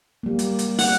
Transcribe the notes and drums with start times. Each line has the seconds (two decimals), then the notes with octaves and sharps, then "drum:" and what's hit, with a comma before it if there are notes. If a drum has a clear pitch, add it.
0.23 G3 A#3
0.39 drum: hi-hat
0.59 drum: hi-hat
0.79 F#5, drum: open hi-hat